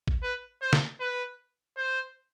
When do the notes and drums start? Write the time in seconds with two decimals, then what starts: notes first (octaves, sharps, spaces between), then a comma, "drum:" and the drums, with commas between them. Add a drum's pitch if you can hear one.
0.07 drum: kick
0.23 B4
0.62 C5
0.73 drum: snare
1.00 B4
1.77 C5